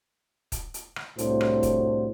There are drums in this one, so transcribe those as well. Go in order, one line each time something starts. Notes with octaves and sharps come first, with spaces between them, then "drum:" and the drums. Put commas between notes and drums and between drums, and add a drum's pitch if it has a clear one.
drum: kick, hi-hat
drum: hi-hat
drum: rim click
C2 A2 D4 F#4 C5, drum: hi-hat
drum: rim click
drum: kick, hi-hat